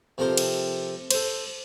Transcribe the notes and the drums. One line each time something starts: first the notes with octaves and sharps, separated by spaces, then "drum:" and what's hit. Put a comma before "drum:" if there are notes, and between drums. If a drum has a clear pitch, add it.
C3 F3 A4 A#4 C5
drum: cymbal
A4 C5, drum: cymbal